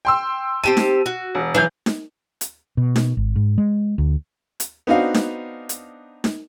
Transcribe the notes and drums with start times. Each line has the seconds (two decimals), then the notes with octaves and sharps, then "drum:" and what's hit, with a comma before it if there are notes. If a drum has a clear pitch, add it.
0.05 G5 C6 E6
0.64 C4 G4 A5 D#7
0.77 drum: snare D#4
1.06 F#4
1.35 E1
1.55 E3 F#3 F5 G6
1.86 drum: snare D#4
2.41 drum: hi-hat
2.77 B2
2.96 drum: snare D#4
3.17 G#1
3.36 G#2
3.58 G#3
3.98 D2
4.60 drum: hi-hat
4.87 B3 C4 D4 D#4 F#4 F5
5.14 drum: snare D#4
5.69 drum: hi-hat
6.24 drum: snare D#4